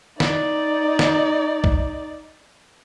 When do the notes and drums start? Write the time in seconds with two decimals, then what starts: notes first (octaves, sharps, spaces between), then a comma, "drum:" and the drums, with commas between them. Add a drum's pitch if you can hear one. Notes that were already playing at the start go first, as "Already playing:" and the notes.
0.20 D#4 D5, drum: snare
0.99 drum: snare
1.64 drum: kick